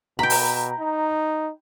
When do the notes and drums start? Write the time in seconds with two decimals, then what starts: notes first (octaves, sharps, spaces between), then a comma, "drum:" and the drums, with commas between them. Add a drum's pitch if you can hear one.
0.19 B2 G5 A#5 B5
0.30 drum: open hi-hat
0.79 D#4